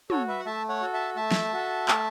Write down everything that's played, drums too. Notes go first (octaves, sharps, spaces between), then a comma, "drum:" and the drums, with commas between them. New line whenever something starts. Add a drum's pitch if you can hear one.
F#4 A4 C#5, drum: tom
B4 E5
F#5
A3 E5 A5
C#5 F#5
F#4 A4
E5 A5
A3 E5 A5
drum: snare
F#4 A4
A3, drum: clap